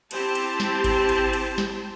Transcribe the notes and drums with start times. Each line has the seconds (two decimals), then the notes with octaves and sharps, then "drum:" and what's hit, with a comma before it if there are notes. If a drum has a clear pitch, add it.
0.11 C4 E4 G4 C5 A5, drum: cymbal
0.35 drum: cymbal
0.60 drum: snare
0.84 drum: kick G#1, cymbal
1.09 drum: cymbal
1.33 drum: cymbal
1.58 drum: snare